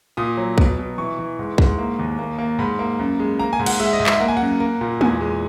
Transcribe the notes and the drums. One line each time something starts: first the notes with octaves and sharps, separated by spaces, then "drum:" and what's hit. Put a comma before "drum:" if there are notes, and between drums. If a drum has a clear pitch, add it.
A#2 D#6
F#3
B2, drum: kick B1
B2
E3 C#6
E3
G#2
G#2, drum: kick B1
A#3
D#2
A#3
A#3
G#2 B5
A#3
F#2
G#3
A#3 A#5
G#5
G#2
F#5, drum: cymbal
G#3 E5
D#5
G#2
E5, drum: clap
A#3 F#5
G#5
F#2 F#5
A#3
A#2
E2 G#5, drum: tom
G#3